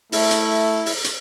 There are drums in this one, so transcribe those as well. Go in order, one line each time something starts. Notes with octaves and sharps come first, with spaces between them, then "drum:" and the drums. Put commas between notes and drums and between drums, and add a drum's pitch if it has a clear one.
A3 E4, drum: open hi-hat
drum: hi-hat
drum: open hi-hat
drum: hi-hat